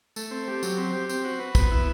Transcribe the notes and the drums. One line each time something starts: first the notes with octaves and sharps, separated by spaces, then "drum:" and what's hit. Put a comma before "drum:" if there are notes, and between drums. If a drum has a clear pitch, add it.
A3, drum: tambourine
C4
G4
F#3, drum: tambourine
C4
G4
C4, drum: tambourine
F#4
B4
B3, drum: kick, tambourine
E4